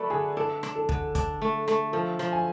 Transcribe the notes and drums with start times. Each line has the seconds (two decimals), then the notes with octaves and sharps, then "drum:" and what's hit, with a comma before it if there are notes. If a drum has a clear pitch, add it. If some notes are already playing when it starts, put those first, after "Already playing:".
Already playing: A3 A4 B4 D5
0.10 D3 G#4
0.37 D4 A4
0.63 D4, drum: rim click
0.76 A4
0.89 D3, drum: kick
1.15 D4, drum: kick, hi-hat
1.42 A3
1.68 A3, drum: rim click
1.93 F3 A4
2.19 F3, drum: rim click
2.33 G#5